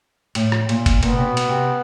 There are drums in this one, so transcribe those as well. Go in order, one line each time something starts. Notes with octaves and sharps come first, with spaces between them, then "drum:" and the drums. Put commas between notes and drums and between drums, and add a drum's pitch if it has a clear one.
A2, drum: cymbal
drum: rim click
A#2, drum: cymbal
drum: kick F#1, cymbal
A#2 B3, drum: cymbal
C3
B2
drum: cymbal
C3